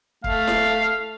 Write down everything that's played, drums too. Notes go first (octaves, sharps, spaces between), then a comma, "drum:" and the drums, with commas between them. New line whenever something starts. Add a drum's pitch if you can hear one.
A3 F5, drum: kick
drum: snare E4